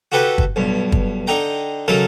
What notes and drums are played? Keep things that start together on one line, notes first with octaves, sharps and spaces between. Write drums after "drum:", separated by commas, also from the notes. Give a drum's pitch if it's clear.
F#4 G4 A4 B4 G5
drum: kick
B1 G2
drum: kick
D3 D#4 G5 A#5
C#3 F#3 D#4 A4 A#4 A5